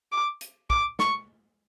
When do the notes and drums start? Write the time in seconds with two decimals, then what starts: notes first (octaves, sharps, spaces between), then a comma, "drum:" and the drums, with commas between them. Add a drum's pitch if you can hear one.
0.12 D6
0.41 drum: hi-hat
0.70 D6, drum: kick
0.99 C#6, drum: snare